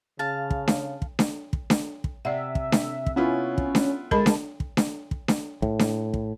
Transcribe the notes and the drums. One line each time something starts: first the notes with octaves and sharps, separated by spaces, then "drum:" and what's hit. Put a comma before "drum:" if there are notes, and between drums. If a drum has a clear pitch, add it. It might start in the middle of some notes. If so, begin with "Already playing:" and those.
C#3 F5 A5
drum: kick
drum: snare D4
drum: kick
drum: snare D4
drum: kick
drum: snare D4
drum: kick
C3 D5 E5 F#5
drum: kick
drum: snare D4
drum: kick
B3 C#4 E4 F4
drum: kick
drum: snare D4
D3 G#3 A#4 D#5 A5 B5, drum: kick
drum: snare D4
drum: kick
drum: snare D4
drum: kick
drum: snare D4
A2, drum: kick
drum: snare D4
drum: kick